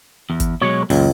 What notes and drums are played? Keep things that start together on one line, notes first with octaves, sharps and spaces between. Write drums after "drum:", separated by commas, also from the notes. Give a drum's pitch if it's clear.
E2
drum: kick G#1, hi-hat
B2 F#3 G#3 C#5
C#2 F#2 A#2, drum: open hi-hat